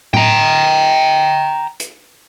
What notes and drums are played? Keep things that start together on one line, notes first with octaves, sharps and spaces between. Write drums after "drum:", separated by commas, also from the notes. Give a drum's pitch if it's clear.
G5 A#5, drum: tom A2
drum: hi-hat